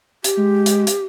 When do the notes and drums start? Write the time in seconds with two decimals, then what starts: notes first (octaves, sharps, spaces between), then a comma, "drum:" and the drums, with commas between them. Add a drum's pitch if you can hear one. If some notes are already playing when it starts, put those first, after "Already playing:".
0.24 G4, drum: hi-hat
0.37 G#3
0.66 drum: hi-hat
0.87 drum: hi-hat